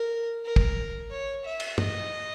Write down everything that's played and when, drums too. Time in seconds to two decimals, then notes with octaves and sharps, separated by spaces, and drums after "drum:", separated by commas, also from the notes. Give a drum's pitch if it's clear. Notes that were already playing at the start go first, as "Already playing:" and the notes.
Already playing: A#4
0.45 A#4
0.56 drum: kick
1.11 C#5
1.45 E5
1.60 drum: cymbal
1.78 D#5, drum: tom